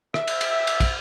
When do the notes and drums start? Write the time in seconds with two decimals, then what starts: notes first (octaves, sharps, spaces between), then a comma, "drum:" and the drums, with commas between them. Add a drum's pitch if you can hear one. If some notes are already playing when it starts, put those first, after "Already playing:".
0.14 E5, drum: rim click
0.27 drum: cymbal
0.41 drum: cymbal
0.67 drum: cymbal
0.80 drum: kick, cymbal